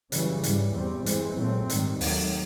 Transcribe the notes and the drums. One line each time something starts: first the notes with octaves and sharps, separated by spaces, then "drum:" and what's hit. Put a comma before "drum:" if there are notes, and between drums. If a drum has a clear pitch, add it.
F#2 C#3 E3 G3, drum: hi-hat
G#2 E3 G3, drum: hi-hat
E2 B2 G3 C4
G2 E3 G#3 C4, drum: hi-hat
A#2 F#3 A3 C4
G#2 D#3 G3, drum: hi-hat
D#2 D#3 F#3 A3, drum: open hi-hat